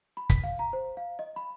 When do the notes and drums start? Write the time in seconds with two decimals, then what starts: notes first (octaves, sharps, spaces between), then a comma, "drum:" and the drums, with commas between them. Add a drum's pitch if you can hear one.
0.17 B5
0.30 B6, drum: kick, hi-hat
0.44 F5
0.59 A#5
0.73 C5
0.97 F5
1.19 D#5
1.36 B5